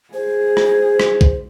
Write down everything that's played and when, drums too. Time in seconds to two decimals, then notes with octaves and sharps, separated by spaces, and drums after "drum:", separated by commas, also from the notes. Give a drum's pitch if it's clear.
0.14 G#4 C5
0.57 drum: rim click
1.00 drum: rim click
1.21 drum: kick B1